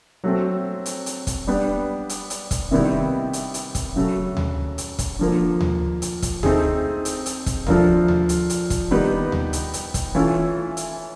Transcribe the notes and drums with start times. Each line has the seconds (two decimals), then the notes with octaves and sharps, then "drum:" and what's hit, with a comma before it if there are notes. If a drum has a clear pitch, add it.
0.24 F#3 A3 C4
0.86 drum: hi-hat
1.06 drum: hi-hat
1.27 drum: kick E1, hi-hat
1.47 G3 B3 D4
2.09 drum: hi-hat
2.30 drum: hi-hat
2.51 drum: kick E1, hi-hat
2.71 C3 D#3 G3 B3 E4
3.33 drum: hi-hat
3.54 drum: hi-hat
3.75 drum: kick E1, hi-hat
3.96 C#3 F#3 A3
4.37 drum: tom D2
4.78 drum: hi-hat
4.99 drum: kick E1, hi-hat
5.19 D3 F3 A#3
5.61 drum: tom D2
6.02 drum: hi-hat
6.22 drum: kick E1, hi-hat
6.43 A3 C4 D#4 G#4, drum: tom D2
7.05 drum: hi-hat
7.26 drum: hi-hat
7.46 drum: kick E1, hi-hat
7.67 F3 A3 D4 F4 A#4, drum: tom D2
8.08 drum: tom D2
8.29 drum: hi-hat
8.50 drum: hi-hat
8.70 drum: kick E1, hi-hat
8.91 D#3 G3 B3 D#4 G4
9.32 drum: tom D2
9.53 drum: hi-hat
9.74 drum: hi-hat
9.94 drum: kick E1, hi-hat
10.15 E3 A3 C#4 F4
10.77 drum: hi-hat